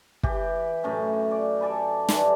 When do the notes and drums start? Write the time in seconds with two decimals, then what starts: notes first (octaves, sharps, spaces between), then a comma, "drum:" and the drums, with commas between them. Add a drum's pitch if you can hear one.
0.23 E3 G4, drum: kick
0.83 F#2 A2 C#4 E5
1.31 D5
1.61 A4 D5 G#5 B5
2.09 G2 D3 E3, drum: snare